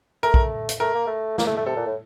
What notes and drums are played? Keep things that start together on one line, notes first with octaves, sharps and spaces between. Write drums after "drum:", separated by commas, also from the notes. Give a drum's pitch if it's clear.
A3 A#4
drum: kick
drum: hi-hat
A3 A#4
A#3
A3
A#3, drum: snare
A3
A3
C3 A4
A#2
A2